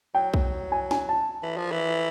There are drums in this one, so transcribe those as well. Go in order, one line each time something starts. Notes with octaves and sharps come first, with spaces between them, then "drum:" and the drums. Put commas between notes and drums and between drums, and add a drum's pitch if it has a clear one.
F#3 G5
drum: kick B1
G#5
G#5, drum: snare
A5
E3
F3
E3